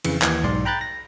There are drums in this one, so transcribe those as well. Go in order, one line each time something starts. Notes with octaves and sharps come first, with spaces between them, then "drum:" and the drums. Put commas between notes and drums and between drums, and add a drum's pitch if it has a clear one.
F2 C#3 E3, drum: cymbal
D#2 E3 G#6, drum: clap
B1 G#2 D5 C6
G5 A#5 B5 F#6 G6 A6
A#6